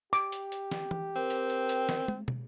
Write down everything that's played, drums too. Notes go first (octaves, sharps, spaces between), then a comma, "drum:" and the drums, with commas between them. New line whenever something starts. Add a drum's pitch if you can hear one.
G4 D6, drum: hi-hat
drum: hi-hat
drum: hi-hat
drum: snare
drum: tom E3
C4 A#4
drum: hi-hat
drum: hi-hat
drum: hi-hat
drum: snare
drum: tom
drum: tom